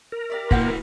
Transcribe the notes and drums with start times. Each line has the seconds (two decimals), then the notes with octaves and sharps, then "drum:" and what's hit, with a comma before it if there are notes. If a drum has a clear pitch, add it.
0.12 A#4
0.30 G4 D5 E5
0.51 A#2 A#3 E4 F#4 B4 C5 F#5 G5, drum: kick